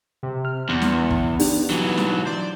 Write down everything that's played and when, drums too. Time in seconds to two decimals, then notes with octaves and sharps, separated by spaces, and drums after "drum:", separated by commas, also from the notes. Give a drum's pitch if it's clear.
0.23 C3
0.45 F6
0.69 E2 B3 C6 C#7
0.82 drum: snare
1.11 drum: kick
1.40 D4 D#4 G4, drum: open hi-hat
1.70 E3 F#3
1.97 drum: snare
2.25 C5 D5